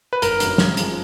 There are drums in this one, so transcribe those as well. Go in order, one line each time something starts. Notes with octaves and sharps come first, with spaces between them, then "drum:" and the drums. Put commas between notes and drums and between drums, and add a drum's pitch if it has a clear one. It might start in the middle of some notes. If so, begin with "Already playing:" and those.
B4
G1 A#4, drum: hi-hat
F#2 D#3 F#3 A#3, drum: hi-hat
C#3, drum: snare
F3 G#3, drum: hi-hat